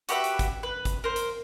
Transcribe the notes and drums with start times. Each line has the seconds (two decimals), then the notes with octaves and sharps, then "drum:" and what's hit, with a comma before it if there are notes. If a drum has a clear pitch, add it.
0.09 F#4 G4 B4 E5, drum: hi-hat
0.24 drum: hi-hat
0.39 drum: kick, hi-hat
0.63 B4
0.85 drum: kick, hi-hat
1.04 A#4 C5
1.16 drum: hi-hat